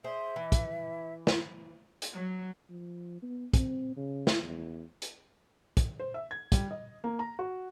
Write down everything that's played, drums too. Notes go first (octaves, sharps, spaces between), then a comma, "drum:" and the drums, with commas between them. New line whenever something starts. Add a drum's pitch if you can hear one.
G#4 C5 E5
E3
drum: kick, hi-hat
drum: snare
drum: hi-hat
F#3
F3
B3
C4, drum: kick, hi-hat
C#3
drum: snare
E2
drum: hi-hat
drum: kick, hi-hat
C5
E5
G#6
G3, drum: kick, hi-hat
D#5
A#3
A#5
F#4